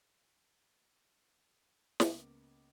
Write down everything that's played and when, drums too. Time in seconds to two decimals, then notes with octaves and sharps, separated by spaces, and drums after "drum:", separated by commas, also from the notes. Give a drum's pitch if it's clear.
2.00 C#2 A#3 B3 C#6 D6, drum: snare